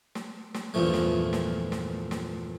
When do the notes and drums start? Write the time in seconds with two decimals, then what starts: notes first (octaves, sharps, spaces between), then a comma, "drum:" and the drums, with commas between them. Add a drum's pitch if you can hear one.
0.15 drum: snare
0.54 drum: snare
0.74 E2 G2 A#2 F3 A3
0.94 drum: snare
1.33 drum: snare
1.72 drum: snare
2.11 drum: snare